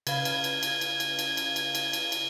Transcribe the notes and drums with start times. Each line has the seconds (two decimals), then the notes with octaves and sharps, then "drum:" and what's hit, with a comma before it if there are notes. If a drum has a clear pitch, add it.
0.07 C#3 B4 F5 G#6, drum: cymbal
0.25 drum: cymbal
0.44 drum: cymbal
0.63 drum: cymbal
0.81 drum: cymbal
1.00 drum: cymbal
1.19 drum: cymbal
1.37 drum: cymbal
1.56 drum: cymbal
1.75 drum: cymbal
1.93 drum: cymbal
2.12 drum: cymbal